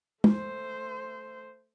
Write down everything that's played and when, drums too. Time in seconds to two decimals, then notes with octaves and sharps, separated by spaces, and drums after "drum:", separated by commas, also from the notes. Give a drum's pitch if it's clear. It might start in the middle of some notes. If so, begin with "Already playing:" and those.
0.24 A3 C5, drum: tom